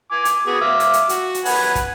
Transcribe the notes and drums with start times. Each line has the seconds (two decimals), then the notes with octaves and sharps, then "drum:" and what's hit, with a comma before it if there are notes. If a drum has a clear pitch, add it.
0.11 G#5 D6
0.25 drum: hi-hat
0.47 B3 F#4 G#4
0.61 E5 F5 D6
0.80 drum: hi-hat
0.93 drum: hi-hat
1.09 F#4, drum: hi-hat
1.34 drum: hi-hat
1.45 B4 F#5 G#5, drum: open hi-hat
1.75 drum: kick, hi-hat